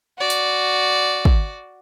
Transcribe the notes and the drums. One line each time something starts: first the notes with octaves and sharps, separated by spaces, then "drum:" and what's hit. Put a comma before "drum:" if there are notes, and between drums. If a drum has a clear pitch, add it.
F#4 D5
drum: hi-hat
drum: kick